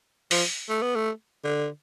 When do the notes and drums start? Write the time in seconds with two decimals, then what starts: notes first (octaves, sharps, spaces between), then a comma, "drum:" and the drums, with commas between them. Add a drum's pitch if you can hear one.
0.31 F3, drum: open hi-hat
0.69 A3
0.82 B3
0.95 A3
1.44 D3